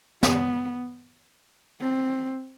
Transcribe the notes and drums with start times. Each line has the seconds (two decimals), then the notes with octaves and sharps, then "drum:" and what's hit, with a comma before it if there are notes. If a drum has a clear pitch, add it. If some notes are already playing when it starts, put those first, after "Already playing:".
0.23 B3, drum: snare
1.81 C4